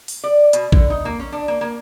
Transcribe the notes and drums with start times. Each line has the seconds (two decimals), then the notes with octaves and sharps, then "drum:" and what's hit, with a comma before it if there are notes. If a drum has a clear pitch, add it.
0.08 drum: open hi-hat
0.24 D5
0.53 B2, drum: hi-hat
0.72 D3, drum: kick A1
0.90 D#4
1.05 A#3
1.19 C#4
1.32 D4
1.48 A#3
1.61 A#3